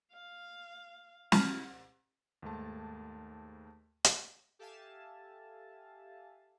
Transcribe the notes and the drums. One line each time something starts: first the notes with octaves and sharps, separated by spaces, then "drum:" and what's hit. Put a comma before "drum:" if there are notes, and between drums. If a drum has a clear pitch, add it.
F5
F#3 E4 F6, drum: snare
D#2 G#2 A3 A5
drum: hi-hat
G4 A4 E5 F5 G#5 A5